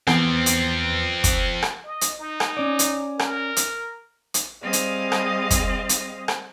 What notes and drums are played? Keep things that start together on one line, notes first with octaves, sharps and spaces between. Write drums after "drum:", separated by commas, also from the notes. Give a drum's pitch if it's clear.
E2 F3 B3 C4 A6, drum: rim click
drum: hi-hat
drum: kick, hi-hat
drum: rim click
D#5
drum: hi-hat
D#4
drum: rim click
C#4 D5
drum: hi-hat
A#4, drum: rim click
drum: hi-hat
drum: hi-hat
G3 C4 G#4 D#5 F5
drum: hi-hat
drum: rim click
drum: kick, hi-hat
drum: hi-hat
drum: rim click